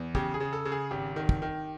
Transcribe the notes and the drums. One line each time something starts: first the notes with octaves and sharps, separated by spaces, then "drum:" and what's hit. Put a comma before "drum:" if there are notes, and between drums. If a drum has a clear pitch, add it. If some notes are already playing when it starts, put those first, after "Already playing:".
Already playing: E2
C#3 G4, drum: kick
G#4
C#3
A4
C#3
G#4
G#1 G4
D#3
drum: kick
D#3